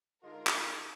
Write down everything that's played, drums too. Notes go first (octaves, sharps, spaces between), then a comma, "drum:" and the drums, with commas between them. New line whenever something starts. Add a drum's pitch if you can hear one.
D3 G#3 D#4 F4 A#4
drum: clap